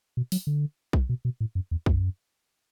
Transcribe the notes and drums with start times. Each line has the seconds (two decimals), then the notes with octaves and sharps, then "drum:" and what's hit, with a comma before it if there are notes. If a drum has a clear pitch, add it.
0.17 B2
0.32 F#3, drum: open hi-hat
0.47 D3
0.93 drum: kick B1
1.09 B2
1.25 B2
1.40 A2
1.55 F#2
1.71 E2
1.86 F#2, drum: kick B1